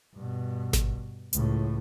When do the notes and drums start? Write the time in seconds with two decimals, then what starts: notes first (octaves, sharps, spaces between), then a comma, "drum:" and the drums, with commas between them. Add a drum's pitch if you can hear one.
0.15 G2 B2
0.73 drum: snare G#1
1.33 C#2 A2, drum: hi-hat